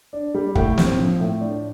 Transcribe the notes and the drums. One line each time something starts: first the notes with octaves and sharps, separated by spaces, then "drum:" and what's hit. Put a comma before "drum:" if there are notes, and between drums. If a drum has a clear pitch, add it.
D4
G3
A2 G5, drum: kick
C4, drum: snare
F3
A2
D4